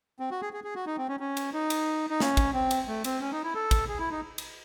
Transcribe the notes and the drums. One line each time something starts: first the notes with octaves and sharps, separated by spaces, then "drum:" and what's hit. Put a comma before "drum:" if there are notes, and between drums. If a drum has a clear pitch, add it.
C4
F#4
G#4
G#4
G#4
F#4
D#4
C4
C#4
C#4
drum: cymbal
D#4
drum: cymbal
D#4
C#4, drum: snare
drum: kick, cymbal
C4
drum: cymbal
A3
C4, drum: cymbal
C#4
D#4
E4
A4
drum: kick, cymbal
G#4
E4
D#4
drum: cymbal